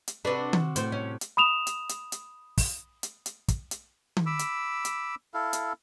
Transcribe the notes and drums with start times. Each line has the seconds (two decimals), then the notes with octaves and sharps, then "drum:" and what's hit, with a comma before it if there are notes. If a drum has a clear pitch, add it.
0.08 drum: hi-hat
0.25 C3 D4 F#4 B4 D5
0.53 drum: tom D#3
0.76 A2 C5, drum: hi-hat
0.92 C#4
1.21 drum: hi-hat
1.37 B5 D#6 E7 F7
1.67 drum: hi-hat
1.89 drum: hi-hat
2.12 drum: hi-hat
2.58 drum: kick, open hi-hat
3.03 drum: hi-hat
3.26 drum: hi-hat
3.48 drum: kick, hi-hat
3.71 drum: hi-hat
4.17 drum: tom D#3
4.26 B5 D6 E6
4.39 drum: hi-hat
4.85 drum: hi-hat
5.34 E4 A4 F5
5.53 drum: hi-hat